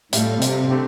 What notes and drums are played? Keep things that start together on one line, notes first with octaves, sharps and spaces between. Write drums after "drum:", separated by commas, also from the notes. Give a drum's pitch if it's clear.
A2 G3 F4 A4, drum: hi-hat
C3, drum: hi-hat
D3 A3 C4 G4